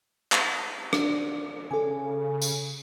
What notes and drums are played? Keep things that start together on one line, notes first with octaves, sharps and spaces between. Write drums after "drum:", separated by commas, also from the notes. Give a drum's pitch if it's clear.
drum: clap
D4, drum: rim click
C#3 A4 G#5
drum: tambourine